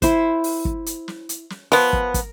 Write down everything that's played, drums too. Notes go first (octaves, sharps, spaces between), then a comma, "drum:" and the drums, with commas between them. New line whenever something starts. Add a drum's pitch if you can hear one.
E4 C5, drum: kick, hi-hat
drum: open hi-hat
drum: kick
drum: hi-hat
drum: snare
drum: hi-hat
drum: snare
F3 B3 A#4, drum: open hi-hat
drum: kick
drum: kick, hi-hat